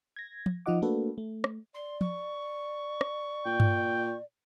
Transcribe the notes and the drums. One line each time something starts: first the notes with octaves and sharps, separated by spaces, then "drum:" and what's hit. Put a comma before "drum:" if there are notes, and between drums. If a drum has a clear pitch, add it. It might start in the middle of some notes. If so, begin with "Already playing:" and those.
G#6 A#6
drum: tom F3
F3 D#4 F4 D#5 F#5 D6
A3 A#3 D4 F#4 A4 B4
A3
drum: rim click
D5 C6
C#6, drum: tom F3
drum: rim click
A#2 G5
drum: tom G2